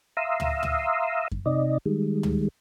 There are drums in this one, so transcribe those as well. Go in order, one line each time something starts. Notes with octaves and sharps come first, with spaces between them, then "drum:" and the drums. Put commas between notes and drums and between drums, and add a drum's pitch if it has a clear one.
E5 F5 A#5 C6 D#6 E6
drum: tom
drum: tom
drum: kick F#2
C3 D#4 D5 D#5
D#3 G3 G#3
drum: tom